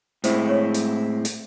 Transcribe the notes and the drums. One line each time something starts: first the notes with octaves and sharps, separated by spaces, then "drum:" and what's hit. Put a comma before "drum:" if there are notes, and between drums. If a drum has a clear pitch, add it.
A2 G#3 C4 E4 C5, drum: hi-hat
C#5
drum: hi-hat
drum: hi-hat